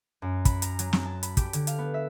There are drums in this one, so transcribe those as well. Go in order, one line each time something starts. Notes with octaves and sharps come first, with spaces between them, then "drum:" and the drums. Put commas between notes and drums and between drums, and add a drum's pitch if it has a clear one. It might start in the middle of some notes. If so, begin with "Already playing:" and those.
F#2
B5, drum: kick, hi-hat
A#5, drum: hi-hat
F#3, drum: hi-hat
F#3, drum: snare
A5
B5, drum: hi-hat
G4, drum: kick, hi-hat
D3, drum: hi-hat
F5, drum: hi-hat
B3
E5